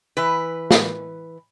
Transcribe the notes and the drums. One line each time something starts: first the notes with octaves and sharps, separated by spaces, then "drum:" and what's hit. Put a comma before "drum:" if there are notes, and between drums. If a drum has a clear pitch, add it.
E3 B4
drum: snare